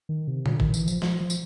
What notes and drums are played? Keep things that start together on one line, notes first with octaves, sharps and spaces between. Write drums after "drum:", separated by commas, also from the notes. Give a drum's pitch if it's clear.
D#3
C3
D3, drum: tom A#2
D#3, drum: kick
E3, drum: tambourine
F3, drum: tambourine
F3, drum: snare
F3
drum: tambourine